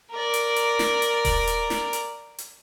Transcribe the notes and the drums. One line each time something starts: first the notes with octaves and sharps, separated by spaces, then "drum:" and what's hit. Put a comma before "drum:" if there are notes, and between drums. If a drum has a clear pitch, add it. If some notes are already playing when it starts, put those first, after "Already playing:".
A#4 D5
drum: hi-hat
drum: hi-hat
drum: snare
drum: hi-hat
drum: kick D#1, open hi-hat
drum: hi-hat
drum: snare
drum: hi-hat
drum: hi-hat